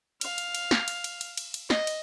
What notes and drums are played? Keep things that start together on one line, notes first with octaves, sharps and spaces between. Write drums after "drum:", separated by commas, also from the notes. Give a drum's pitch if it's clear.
F5, drum: cymbal
drum: cymbal
drum: cymbal
drum: snare
drum: cymbal
drum: cymbal
drum: cymbal
drum: cymbal
drum: cymbal
D#5, drum: snare
drum: cymbal